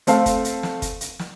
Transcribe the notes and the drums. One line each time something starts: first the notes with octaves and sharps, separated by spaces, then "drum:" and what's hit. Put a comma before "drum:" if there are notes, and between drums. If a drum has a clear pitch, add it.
A3 C4 A4 F5, drum: hi-hat
drum: kick, hi-hat
drum: hi-hat
drum: snare
drum: kick, hi-hat
drum: hi-hat
drum: snare